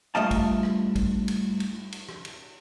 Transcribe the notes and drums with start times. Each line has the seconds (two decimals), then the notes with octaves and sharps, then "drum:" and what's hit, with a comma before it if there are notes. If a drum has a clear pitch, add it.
0.15 G2 A3 F4 D#5 F5 A5
0.31 drum: kick, cymbal
0.63 drum: rim click
0.96 drum: kick, cymbal
1.28 drum: cymbal
1.60 drum: cymbal
1.92 drum: cymbal
2.09 drum: rim click
2.25 drum: cymbal